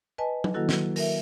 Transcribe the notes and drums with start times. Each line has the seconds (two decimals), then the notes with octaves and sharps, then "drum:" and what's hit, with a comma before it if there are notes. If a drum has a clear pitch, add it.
0.18 B4 D#5 G#5 A5
0.44 drum: tom F#3
0.54 D#3 F#3 A#3 E4 F#4 A4
0.69 drum: snare
0.96 A#4 E5, drum: open hi-hat